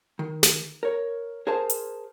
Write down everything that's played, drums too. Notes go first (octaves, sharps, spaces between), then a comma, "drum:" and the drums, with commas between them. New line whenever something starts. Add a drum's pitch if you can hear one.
D#3
drum: snare
A#4 C#5
G#4 A#4 C5 F5 G#5 A5
drum: hi-hat